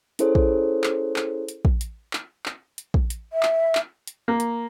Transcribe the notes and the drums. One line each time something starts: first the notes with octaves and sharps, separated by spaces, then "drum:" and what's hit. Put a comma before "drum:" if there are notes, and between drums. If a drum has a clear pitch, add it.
C#4 E4 G#4 A4 C5 C#5, drum: hi-hat
drum: kick
drum: clap
drum: clap
drum: hi-hat
drum: kick
drum: hi-hat
drum: clap
drum: clap
drum: hi-hat
drum: kick
drum: hi-hat
E5
drum: clap
drum: clap
drum: hi-hat
A#3
drum: hi-hat